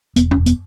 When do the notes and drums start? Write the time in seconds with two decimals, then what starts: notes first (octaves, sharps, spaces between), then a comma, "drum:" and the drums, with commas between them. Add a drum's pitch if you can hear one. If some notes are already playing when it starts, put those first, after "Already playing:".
0.16 E1 B3, drum: hi-hat
0.31 C#4, drum: tom
0.36 E1
0.46 B3, drum: hi-hat